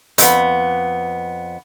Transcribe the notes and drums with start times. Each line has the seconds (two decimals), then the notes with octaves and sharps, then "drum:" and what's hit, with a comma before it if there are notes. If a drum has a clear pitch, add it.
0.18 F2 B3, drum: hi-hat